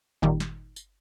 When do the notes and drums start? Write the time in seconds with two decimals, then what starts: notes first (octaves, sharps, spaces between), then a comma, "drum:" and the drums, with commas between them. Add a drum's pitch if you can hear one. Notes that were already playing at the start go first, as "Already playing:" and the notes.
0.22 A#2 D#3 G3, drum: kick G1
0.40 drum: snare
0.76 drum: tambourine